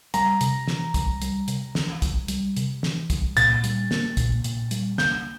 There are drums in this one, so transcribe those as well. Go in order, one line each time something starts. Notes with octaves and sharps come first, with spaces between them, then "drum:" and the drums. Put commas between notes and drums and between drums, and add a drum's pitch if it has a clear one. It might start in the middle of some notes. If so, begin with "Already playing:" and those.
G3 A#5, drum: hi-hat
C3, drum: hi-hat
E3, drum: snare
C2, drum: kick, hi-hat
G3, drum: hi-hat
C3, drum: hi-hat
E3, drum: snare
C2, drum: kick, hi-hat
G3, drum: hi-hat
C3, drum: hi-hat
E3, drum: snare
C2, drum: kick, hi-hat
A#2 A6, drum: hi-hat
G3, drum: hi-hat
A#3, drum: snare
A#2, drum: kick, hi-hat
A#2, drum: hi-hat
G3, drum: hi-hat
A#3 G6, drum: snare